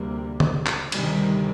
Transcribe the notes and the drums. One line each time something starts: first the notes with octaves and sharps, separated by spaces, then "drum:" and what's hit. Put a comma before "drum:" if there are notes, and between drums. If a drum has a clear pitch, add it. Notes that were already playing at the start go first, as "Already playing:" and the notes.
Already playing: D2 C3 G3 A#3
drum: tom C#3
drum: clap
D2 C3 D#3 G3, drum: cymbal